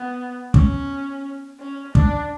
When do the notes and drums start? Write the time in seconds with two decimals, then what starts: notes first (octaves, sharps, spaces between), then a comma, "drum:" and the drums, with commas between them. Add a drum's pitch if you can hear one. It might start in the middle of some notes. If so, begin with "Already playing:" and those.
Already playing: B3
0.54 C#4, drum: kick
1.60 C#4
1.95 D4, drum: kick